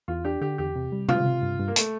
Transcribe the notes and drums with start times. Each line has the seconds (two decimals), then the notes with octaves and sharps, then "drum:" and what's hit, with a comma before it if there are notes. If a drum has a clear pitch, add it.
0.08 E2 F4
0.25 D4 G4
0.41 D3 G4
0.58 E2 G4
0.76 C3
0.92 G3
1.09 C3 F4, drum: tom C3
1.25 C3
1.42 G2
1.59 G2
1.68 A#3
1.76 A3, drum: hi-hat